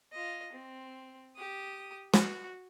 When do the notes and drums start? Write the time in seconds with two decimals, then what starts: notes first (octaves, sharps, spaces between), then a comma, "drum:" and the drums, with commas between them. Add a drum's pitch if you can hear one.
0.12 F4 D#5
0.53 C4
1.36 G4 D#6
2.14 F#4, drum: snare